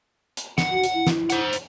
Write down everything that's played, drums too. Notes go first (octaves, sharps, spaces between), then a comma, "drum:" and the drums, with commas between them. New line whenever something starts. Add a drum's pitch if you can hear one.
drum: hi-hat
F#5, drum: snare
F#4
drum: hi-hat
E4
drum: snare
C5 F#5, drum: hi-hat
drum: hi-hat